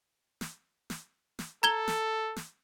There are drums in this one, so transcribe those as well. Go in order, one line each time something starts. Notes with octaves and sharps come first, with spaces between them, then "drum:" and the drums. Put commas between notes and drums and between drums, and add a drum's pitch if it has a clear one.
drum: snare
drum: snare
drum: snare
A4 A#5 G#6 G7
drum: snare
drum: snare